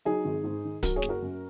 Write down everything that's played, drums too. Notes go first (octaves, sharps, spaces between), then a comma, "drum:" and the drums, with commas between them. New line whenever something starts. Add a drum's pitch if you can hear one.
F#3 D#4 G#4
G#1
G#2
D#3
F#3 F#4 A#4, drum: kick D1, hi-hat
G#4 C#5
F#1, drum: snare
F#4 A#4
F#2